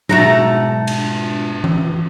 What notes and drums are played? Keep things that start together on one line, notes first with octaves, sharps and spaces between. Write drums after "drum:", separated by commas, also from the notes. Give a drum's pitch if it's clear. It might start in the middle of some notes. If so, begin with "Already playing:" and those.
G#2 B2 A3 F#4 F#5 A#5, drum: tom F#3
drum: cymbal
drum: tom E3